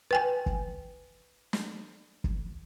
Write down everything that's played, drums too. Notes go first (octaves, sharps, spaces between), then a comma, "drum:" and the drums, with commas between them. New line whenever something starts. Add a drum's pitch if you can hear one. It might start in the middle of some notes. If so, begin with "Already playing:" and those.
B4 G5 G#5
drum: kick
drum: snare
drum: kick